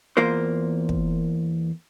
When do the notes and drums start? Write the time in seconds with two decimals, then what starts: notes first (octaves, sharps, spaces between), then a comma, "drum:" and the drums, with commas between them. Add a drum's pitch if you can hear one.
0.17 E2 A#3 F4 A#4 C5
0.89 drum: kick